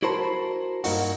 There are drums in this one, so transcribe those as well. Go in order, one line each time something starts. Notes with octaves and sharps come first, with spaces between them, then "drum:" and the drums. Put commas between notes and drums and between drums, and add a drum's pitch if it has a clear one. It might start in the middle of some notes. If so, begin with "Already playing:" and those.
E4 F#4 A#4 C5 A5 B5
G2 A#3 D#4 F#4, drum: open hi-hat